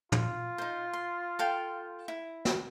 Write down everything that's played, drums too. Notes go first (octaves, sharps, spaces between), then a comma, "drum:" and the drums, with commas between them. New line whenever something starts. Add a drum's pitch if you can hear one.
F4, drum: tom
D#4 C5
C6
A4 F5 G5
E4
drum: snare